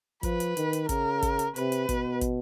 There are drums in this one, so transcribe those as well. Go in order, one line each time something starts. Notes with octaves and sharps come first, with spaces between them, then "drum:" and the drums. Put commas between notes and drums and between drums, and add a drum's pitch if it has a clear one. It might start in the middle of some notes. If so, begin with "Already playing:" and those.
F3 B4, drum: kick, hi-hat
drum: hi-hat
D#3, drum: hi-hat
drum: hi-hat
C#3 A#4, drum: kick, hi-hat
drum: kick, hi-hat
drum: hi-hat
C3 B4, drum: hi-hat
drum: hi-hat
B2, drum: kick, hi-hat
drum: kick, hi-hat